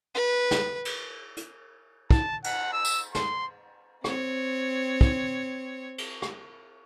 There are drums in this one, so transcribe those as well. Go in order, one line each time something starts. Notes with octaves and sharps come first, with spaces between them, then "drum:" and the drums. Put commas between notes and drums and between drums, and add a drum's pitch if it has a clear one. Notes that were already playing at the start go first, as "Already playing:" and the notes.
B4
drum: snare
drum: cymbal
drum: hi-hat
A5, drum: kick
F#5, drum: cymbal
E6
drum: tambourine
C6, drum: snare
C4 C#5, drum: rim click
drum: kick
drum: cymbal
drum: rim click